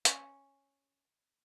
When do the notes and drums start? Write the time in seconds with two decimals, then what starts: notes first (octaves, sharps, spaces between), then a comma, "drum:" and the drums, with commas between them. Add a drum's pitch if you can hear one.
0.05 C#4, drum: hi-hat